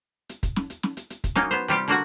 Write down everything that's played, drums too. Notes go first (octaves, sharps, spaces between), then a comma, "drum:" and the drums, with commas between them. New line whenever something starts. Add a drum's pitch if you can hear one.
drum: hi-hat
drum: kick, hi-hat
drum: snare
drum: hi-hat
drum: snare
drum: hi-hat
drum: hi-hat
drum: kick, hi-hat
F#3 A#3 C#4 D#4, drum: snare
B3 C5
C3 G3 F4 G4
D3 A#3 F#4 F#5